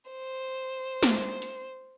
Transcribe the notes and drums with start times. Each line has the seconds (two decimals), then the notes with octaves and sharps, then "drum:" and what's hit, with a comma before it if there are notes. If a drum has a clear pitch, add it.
0.11 C5
1.03 drum: snare
1.42 drum: hi-hat